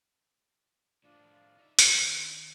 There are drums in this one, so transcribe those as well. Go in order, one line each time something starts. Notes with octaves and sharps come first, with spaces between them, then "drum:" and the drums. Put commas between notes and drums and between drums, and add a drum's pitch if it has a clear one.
A2 F3 D4 F4 D5
D#4 E5
D#3 C#4 D4 F#4, drum: hi-hat